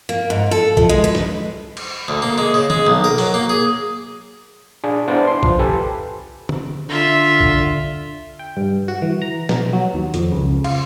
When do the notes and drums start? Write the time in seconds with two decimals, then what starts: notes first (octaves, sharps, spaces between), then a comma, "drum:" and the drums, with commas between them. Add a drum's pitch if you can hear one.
0.09 A#3
0.30 G#2
0.51 A4
0.77 F3, drum: kick B1
0.89 G#3
1.04 B4
1.15 drum: snare
1.77 drum: cymbal
2.08 D2
2.22 A#3
2.38 G#3
2.54 C#3
2.70 G#3, drum: tom
2.87 B1
3.04 A#4
3.18 F#3, drum: open hi-hat
3.34 A#3
3.49 G#4
4.84 D4 G#4
5.08 B3 D4 E4 C5 D5
5.27 C6
5.43 F3, drum: kick B1
5.59 G4 A4 B4 G#5
6.49 drum: tom
6.88 D3 F4 E5
7.40 drum: kick B1
8.39 G5
8.57 G2
8.88 F#4
9.02 E3
9.22 A#5
9.49 B2, drum: snare
9.73 F#3
9.94 D#2
10.14 F2, drum: hi-hat
10.32 C#2
10.64 F4, drum: cymbal